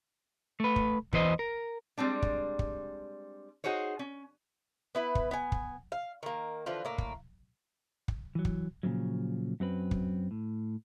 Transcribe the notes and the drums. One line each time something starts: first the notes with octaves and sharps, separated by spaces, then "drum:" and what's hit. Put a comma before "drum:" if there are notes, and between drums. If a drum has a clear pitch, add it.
A3 B4
drum: kick
E2 E3 B4 C5 D#5, drum: kick
A#4
G3 G#3 C4 D4
drum: kick
drum: kick
D#4 F#4 G#4 C5 C#5
C#4
B3 E4 B4
drum: kick
B3 G#5
drum: kick
F5
D#3 A#3
D3 E3 F3 F4
A2 A#3
drum: kick
drum: kick
E3 F#3
drum: kick
A#2 C#3 F3 F#3
F#2 F#3 C4 B4
drum: kick
A2